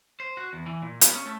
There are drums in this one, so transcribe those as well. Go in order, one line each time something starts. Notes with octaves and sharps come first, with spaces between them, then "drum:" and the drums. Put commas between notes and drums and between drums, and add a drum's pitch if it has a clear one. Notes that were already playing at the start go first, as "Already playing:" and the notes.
C5
F#4
E2
E3
A#2
B3, drum: hi-hat
C#4
A3